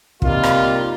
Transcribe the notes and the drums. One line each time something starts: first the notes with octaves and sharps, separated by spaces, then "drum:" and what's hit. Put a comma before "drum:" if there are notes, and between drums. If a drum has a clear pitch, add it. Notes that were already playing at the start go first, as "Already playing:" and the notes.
C3 G3 A#3 D#4 F4, drum: kick
drum: rim click